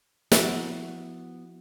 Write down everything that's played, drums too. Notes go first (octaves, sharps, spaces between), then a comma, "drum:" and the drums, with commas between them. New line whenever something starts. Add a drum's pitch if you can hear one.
F3 B3 E4 F#4, drum: snare